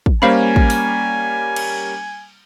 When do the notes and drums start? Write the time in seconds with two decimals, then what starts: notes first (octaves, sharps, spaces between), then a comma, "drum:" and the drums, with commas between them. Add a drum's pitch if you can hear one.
0.06 drum: kick
0.22 G3 A#3 C#4 C5 F5 G#5 B5
0.56 drum: kick
0.70 drum: open hi-hat
1.56 drum: cymbal